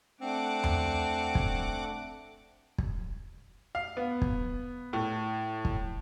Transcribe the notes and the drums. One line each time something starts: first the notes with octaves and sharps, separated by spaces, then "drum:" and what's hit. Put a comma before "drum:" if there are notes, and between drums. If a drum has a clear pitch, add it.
A3 C4 D4 F#5 D6
drum: tom E2
drum: kick
drum: kick
F5
B3
drum: kick
A2
drum: kick